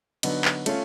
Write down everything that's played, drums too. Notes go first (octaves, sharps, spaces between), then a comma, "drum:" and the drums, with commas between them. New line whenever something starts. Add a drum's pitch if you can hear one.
D3 F#3 B3 D#4, drum: cymbal
drum: clap
A3 C#4 F4, drum: cymbal